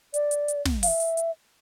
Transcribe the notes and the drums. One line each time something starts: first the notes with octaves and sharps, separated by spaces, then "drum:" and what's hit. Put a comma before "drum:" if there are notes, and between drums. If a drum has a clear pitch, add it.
D5, drum: hi-hat
drum: hi-hat
drum: hi-hat
drum: snare
F5, drum: open hi-hat
E5
drum: hi-hat
drum: hi-hat